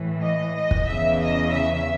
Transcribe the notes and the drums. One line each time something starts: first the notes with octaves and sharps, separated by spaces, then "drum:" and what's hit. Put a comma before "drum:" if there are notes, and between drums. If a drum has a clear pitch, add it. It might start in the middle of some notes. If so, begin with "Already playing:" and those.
Already playing: A2 E3
D#5
D#5
drum: kick
E2 C#3 E3 E5
D#5
E5